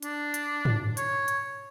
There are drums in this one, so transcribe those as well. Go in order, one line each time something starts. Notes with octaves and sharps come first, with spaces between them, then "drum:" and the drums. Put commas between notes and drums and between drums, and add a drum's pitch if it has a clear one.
D4, drum: hi-hat
drum: hi-hat
drum: tom
C#5, drum: hi-hat
drum: hi-hat